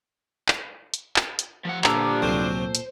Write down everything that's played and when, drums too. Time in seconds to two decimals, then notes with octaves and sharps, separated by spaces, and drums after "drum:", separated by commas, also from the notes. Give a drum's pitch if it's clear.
0.48 drum: clap
0.94 drum: hi-hat
1.16 drum: clap
1.39 drum: hi-hat
1.65 F3 F#5
1.84 G2 A#2 F3 D4 G4 A4 A#5, drum: clap
2.22 D2 C3 F#3 C5
2.75 drum: hi-hat